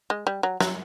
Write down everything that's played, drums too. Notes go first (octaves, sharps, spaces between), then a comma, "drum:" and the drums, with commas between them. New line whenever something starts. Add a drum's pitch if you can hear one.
G#3
G3
F#3
F#3, drum: snare